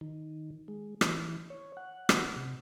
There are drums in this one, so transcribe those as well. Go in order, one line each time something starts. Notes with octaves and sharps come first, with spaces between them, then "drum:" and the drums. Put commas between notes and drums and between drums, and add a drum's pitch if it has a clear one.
D#3
G#3
E3, drum: rim click
C#5
F#5
drum: rim click
C3